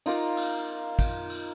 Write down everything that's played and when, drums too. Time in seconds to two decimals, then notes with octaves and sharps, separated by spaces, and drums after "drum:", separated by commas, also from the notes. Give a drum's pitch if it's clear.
0.06 D#4 F4 A#4 D6, drum: cymbal
0.37 drum: cymbal
0.99 drum: kick, cymbal
1.30 drum: cymbal